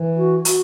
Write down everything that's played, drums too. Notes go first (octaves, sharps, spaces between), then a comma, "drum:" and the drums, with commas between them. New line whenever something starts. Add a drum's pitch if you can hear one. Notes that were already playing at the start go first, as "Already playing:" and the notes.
Already playing: E3
F#4
F#4, drum: hi-hat